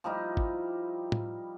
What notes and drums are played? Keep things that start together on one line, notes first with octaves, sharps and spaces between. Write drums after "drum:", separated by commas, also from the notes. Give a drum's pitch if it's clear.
F3 G3 D#4 E4
drum: kick
drum: tom A2